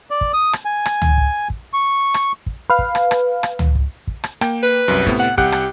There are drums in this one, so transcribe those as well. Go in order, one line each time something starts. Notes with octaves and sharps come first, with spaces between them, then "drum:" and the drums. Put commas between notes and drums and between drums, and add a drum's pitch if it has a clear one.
D5
drum: kick
D#6
drum: rim click
G#5
drum: rim click
drum: tom C#2
drum: kick
drum: kick
C#6
drum: rim click
drum: kick
B4 F5
drum: kick
drum: rim click
drum: rim click
drum: rim click
drum: tom C#2
drum: kick
drum: kick
drum: rim click
A#3 G5, drum: rim click
B4
C2 F#2
A2 C3 B3, drum: kick
F#5
C2 G4 F#5 F#6, drum: kick
drum: rim click